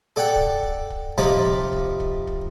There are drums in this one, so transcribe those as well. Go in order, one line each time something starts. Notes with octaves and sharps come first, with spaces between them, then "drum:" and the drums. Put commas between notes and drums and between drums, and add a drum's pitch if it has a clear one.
A4 D5 F#5 G5 A5
drum: kick
drum: kick
drum: kick
C3 F3 D#4 A5 B5 D6, drum: kick
drum: kick
drum: kick
drum: kick
drum: kick